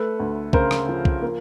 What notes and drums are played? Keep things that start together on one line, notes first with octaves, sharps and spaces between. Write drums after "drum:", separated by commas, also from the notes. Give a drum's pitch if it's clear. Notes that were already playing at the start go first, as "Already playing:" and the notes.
Already playing: A3 A4 B4
D2
C#3 A#4 C5, drum: kick
drum: rim click
F3
drum: kick
A#3